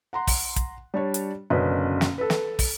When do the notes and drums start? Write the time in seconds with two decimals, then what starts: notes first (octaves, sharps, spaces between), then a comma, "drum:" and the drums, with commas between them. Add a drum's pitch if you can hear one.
0.13 F#5 A#5 C6
0.27 drum: kick, open hi-hat
0.56 drum: kick, hi-hat
0.94 G3 D4 C#5
1.14 drum: hi-hat
1.50 F#1 B2 D3 C#4 B4 D#5
2.01 drum: snare
2.18 A4 B4
2.30 drum: snare
2.59 drum: kick, open hi-hat